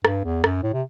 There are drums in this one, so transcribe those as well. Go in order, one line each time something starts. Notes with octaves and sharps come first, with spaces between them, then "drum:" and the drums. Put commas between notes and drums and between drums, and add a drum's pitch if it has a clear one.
G2, drum: rim click
E2
F#2, drum: rim click
A2
C3